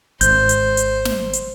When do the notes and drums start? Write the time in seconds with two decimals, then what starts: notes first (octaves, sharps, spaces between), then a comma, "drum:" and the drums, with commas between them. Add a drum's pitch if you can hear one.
0.21 G#1 C5 G6, drum: hi-hat
0.49 drum: hi-hat
0.77 drum: hi-hat
1.05 drum: snare
1.33 drum: hi-hat